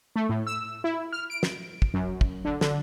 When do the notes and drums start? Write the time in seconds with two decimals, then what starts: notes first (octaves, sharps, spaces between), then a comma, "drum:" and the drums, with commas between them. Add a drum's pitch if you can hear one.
0.16 A3
0.29 A2
0.47 E6
0.84 E4
1.13 F6
1.30 D7
1.43 drum: snare
1.82 drum: kick
1.94 F#2
2.21 drum: kick
2.45 D3
2.61 D3, drum: snare